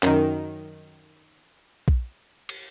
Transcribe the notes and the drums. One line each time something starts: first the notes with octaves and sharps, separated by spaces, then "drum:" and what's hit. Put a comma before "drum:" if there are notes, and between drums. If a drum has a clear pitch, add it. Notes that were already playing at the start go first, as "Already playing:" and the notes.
F#2 D#3, drum: clap
drum: kick A#1
drum: cymbal